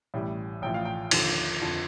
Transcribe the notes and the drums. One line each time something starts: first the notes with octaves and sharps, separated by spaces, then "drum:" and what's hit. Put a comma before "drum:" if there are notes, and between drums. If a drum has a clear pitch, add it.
A1 A2 G3
A1 A2 F3 G5
F5
G5
D#2 D3 F3, drum: cymbal
F2 D3 F3